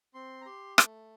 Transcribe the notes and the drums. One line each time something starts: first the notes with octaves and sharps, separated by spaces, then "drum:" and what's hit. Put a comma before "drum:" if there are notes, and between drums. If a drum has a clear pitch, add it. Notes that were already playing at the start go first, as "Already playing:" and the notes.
C4 C6
A#5
G4 C6
A3, drum: rim click